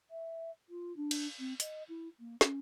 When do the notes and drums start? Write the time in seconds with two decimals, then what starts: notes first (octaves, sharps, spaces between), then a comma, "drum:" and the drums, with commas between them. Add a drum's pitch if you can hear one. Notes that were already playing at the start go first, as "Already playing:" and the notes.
0.11 E5
0.69 F4
0.96 D4
1.11 drum: cymbal
1.39 C4
1.60 D#5, drum: hi-hat
1.89 E4
2.20 A#3
2.41 C#4, drum: snare